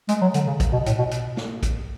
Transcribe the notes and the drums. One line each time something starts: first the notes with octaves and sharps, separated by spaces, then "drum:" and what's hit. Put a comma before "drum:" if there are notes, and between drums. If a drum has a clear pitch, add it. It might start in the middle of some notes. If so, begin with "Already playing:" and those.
G#3, drum: hi-hat
F#3
D3, drum: hi-hat
C#3
drum: kick, hi-hat
B2
A2, drum: hi-hat
B2
drum: hi-hat
drum: snare
drum: kick, hi-hat